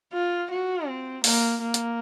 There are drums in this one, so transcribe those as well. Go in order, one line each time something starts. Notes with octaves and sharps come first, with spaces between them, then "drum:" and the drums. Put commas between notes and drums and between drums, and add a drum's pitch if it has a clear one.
F4
F#4
C4
A#3, drum: open hi-hat
A#3
drum: hi-hat